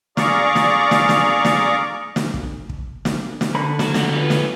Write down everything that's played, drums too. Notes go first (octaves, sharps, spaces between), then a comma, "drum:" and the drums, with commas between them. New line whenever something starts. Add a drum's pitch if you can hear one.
G#4 D5 F5 A#5 C#6 D6, drum: snare
drum: snare
drum: snare
drum: snare
drum: snare
drum: snare
drum: kick
drum: kick
drum: snare
drum: snare
D3 B5
F#3, drum: snare
G3 F#4, drum: snare
F4 B4
drum: snare